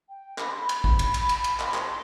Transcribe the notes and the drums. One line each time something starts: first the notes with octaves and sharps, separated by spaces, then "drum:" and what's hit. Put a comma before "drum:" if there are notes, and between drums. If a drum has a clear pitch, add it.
G5
B5, drum: clap
C6
B5
drum: cymbal
drum: kick
drum: cymbal
drum: cymbal
drum: cymbal
drum: cymbal
C6, drum: clap
drum: clap